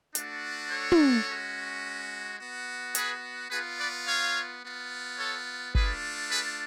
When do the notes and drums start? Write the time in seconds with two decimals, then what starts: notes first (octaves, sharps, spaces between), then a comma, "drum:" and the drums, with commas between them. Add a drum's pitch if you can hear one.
0.15 A3 D4 F#4, drum: hi-hat
0.71 A4 C#5
0.92 drum: tom
1.27 G#3 C#4 F#4
2.39 B3 F#4
2.95 G#4 B4, drum: hi-hat
3.51 B3 F4 G#4 B4
3.79 B4 D5
4.07 C#5 F5
4.64 B3 F4
5.19 A4 C#5
5.75 A3 D4 F4 G#4 B4, drum: kick G1
6.31 G#4 B4